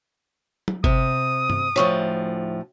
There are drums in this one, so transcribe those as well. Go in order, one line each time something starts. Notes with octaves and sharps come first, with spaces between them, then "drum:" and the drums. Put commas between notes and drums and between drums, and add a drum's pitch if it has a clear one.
drum: tom
C3 D#6, drum: kick G1
drum: tom G2
D2 A2 F3 C#5 C#6